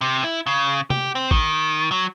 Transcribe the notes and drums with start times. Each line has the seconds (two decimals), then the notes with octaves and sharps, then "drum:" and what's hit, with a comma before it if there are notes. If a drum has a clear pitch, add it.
0.01 C3
0.24 E4
0.46 C#3
0.90 G4, drum: tom
1.15 C4
1.31 D#3, drum: kick A1
1.91 F#3